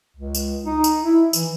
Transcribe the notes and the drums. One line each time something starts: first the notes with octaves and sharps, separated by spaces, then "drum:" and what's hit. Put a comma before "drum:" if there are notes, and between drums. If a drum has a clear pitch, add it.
C#2
drum: tambourine
D#4
drum: tambourine
E4
E3, drum: tambourine